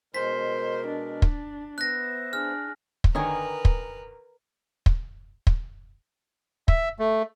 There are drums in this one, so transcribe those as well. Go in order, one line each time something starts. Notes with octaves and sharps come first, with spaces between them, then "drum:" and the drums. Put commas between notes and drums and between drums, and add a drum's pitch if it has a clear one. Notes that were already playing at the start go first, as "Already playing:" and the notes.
B2 G#3 A#4 C5 B6
D4
drum: kick
B3 C5 E5 F#6 A#6
D4 G#4 F6
drum: kick
D3 D#3 A#4 B4 C#5 D#5 G#5
drum: kick
drum: kick
drum: kick
E5, drum: kick
A3